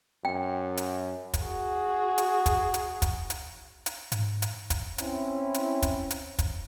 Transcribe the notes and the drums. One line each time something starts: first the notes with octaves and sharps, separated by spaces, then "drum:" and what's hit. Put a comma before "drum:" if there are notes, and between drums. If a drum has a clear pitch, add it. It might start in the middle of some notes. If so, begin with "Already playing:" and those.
F#2 G5
drum: hi-hat
drum: kick, hi-hat
F#4 G#4
drum: hi-hat
drum: kick, hi-hat
drum: hi-hat
drum: kick, hi-hat
drum: hi-hat
drum: hi-hat
G#2, drum: hi-hat
drum: hi-hat
drum: kick, hi-hat
C4 C#4 E4, drum: hi-hat
drum: hi-hat
drum: kick, hi-hat
drum: hi-hat
drum: kick, hi-hat